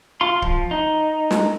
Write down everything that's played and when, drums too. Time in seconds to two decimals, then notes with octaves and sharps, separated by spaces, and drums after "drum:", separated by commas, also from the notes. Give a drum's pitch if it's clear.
0.21 F4 C6
0.42 F3, drum: kick C#1
0.71 D#4
1.31 drum: snare